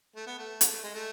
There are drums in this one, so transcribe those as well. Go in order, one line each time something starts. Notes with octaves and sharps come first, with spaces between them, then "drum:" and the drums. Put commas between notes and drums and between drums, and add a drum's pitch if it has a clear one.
A3
B3
A3
drum: hi-hat
A3
G#3
A3